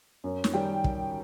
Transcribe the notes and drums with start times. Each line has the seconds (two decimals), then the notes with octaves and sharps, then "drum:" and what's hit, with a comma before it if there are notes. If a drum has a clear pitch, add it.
0.24 F#2
0.44 drum: snare
0.53 D#3 G3 G5
0.84 drum: kick